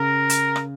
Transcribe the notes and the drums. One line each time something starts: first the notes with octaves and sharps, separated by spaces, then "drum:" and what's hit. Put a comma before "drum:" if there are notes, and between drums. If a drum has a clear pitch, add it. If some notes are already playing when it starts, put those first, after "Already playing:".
Already playing: C#3 A#4
drum: hi-hat
drum: rim click